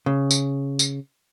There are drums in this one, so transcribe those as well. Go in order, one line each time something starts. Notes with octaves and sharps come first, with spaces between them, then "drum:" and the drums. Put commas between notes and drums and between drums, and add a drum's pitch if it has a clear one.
C#3
drum: tambourine
drum: tambourine